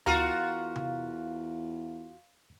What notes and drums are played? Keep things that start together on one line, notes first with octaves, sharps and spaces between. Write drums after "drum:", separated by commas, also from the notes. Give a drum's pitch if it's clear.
E2 F4 F#4 A#4 F5 A#5 F6, drum: tom D2
drum: tom C3